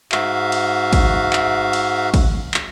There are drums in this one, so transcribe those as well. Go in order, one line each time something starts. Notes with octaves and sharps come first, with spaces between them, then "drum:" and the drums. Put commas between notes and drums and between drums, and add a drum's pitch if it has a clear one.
G#2 F#4 E5 F5, drum: clap
drum: cymbal
drum: kick A1, cymbal
drum: clap
drum: cymbal
drum: kick A1, cymbal
drum: clap